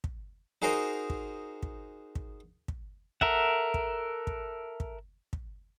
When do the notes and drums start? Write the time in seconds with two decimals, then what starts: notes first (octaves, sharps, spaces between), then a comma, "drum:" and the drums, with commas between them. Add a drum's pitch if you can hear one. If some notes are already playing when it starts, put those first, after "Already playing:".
0.04 drum: kick
0.62 D#4 F#4 G#4 A#4 C5 D#5
1.10 drum: kick
1.63 drum: kick
2.15 drum: kick
2.68 drum: kick
3.21 A4 A#4 E5 F#5, drum: kick
3.74 drum: kick
4.27 drum: kick
4.80 drum: kick
5.33 drum: kick